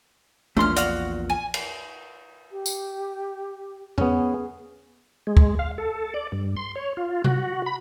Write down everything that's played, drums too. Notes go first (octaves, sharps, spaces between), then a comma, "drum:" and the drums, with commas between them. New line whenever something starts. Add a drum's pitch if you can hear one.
A#1 E2 A#2 A3 C#4 D4 C6 F6
F#4 D5 F5, drum: hi-hat
G#5
drum: cymbal
G4
drum: tambourine
B3 C#4 G#4, drum: tom E2
G#3
drum: kick
F5
A4
D5
G2
C6
C#5
F4
F#4, drum: tom C3
B5